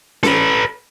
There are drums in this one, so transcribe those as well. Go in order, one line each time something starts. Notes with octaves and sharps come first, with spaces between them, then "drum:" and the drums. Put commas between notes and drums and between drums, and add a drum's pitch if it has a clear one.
A4 B4, drum: snare C#4